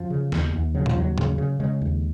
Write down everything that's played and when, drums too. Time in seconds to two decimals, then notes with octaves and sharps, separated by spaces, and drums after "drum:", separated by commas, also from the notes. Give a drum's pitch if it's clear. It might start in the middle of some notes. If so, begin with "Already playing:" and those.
Already playing: F#2 F3
0.10 C#3
0.32 D#2, drum: snare
0.53 D#2
0.74 C#3 F#3
0.86 F3, drum: tom A2
0.96 D#2 F#3
1.18 C#3, drum: tom G#2
1.38 C#3
1.60 C#3 G#3
1.81 D#2